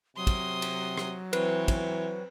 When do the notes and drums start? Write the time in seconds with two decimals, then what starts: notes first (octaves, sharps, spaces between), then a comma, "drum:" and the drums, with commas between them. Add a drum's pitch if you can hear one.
0.17 C3 F#3 C6 D#6
0.27 drum: kick, cymbal
0.62 drum: cymbal
0.98 drum: rim click
1.33 E3 C4 B4 C#5, drum: cymbal
1.68 drum: kick, cymbal